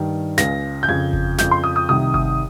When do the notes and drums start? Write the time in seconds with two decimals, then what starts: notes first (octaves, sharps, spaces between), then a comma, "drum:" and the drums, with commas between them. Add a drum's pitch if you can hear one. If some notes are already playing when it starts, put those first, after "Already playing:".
Already playing: G2 D#3
0.38 C#2 C#3 A#6, drum: snare
0.83 G6
0.88 F2 C#3 G#6
1.13 drum: kick G1
1.38 F2 C#3 G6, drum: snare
1.51 C6
1.64 D#6
1.76 D#6
1.89 C2 C3 D#3 D#6
2.14 D#6, drum: kick G1